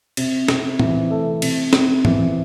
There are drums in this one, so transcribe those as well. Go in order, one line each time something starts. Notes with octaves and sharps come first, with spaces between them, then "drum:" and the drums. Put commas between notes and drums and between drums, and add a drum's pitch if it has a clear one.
C3, drum: cymbal
C3, drum: snare
E3, drum: tom A2
A3
C3, drum: cymbal
C3, drum: snare
E3, drum: tom G#2